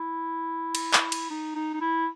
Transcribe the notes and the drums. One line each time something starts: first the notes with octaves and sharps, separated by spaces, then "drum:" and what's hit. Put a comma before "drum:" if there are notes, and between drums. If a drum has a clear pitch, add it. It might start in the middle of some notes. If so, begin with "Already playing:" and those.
Already playing: E4
drum: cymbal
drum: clap
drum: cymbal
D#4
D#4
D#4
E4